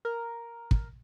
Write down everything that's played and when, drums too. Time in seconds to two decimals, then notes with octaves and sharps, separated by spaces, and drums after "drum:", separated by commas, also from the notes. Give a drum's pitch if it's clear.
0.05 A#4
0.71 drum: kick